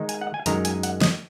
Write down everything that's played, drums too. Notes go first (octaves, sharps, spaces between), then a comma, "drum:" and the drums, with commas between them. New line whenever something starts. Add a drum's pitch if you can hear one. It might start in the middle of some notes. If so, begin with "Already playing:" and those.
Already playing: D#3 G#3 D#4
G#5, drum: hi-hat
F#5
G#5
F#2 D#3 G#3 A#5, drum: hi-hat
G#5, drum: hi-hat
F#5, drum: hi-hat
D#5, drum: snare